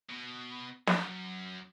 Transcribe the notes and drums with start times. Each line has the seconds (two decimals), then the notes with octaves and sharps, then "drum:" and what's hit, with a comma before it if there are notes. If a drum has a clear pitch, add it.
0.10 B2
0.87 F#2, drum: snare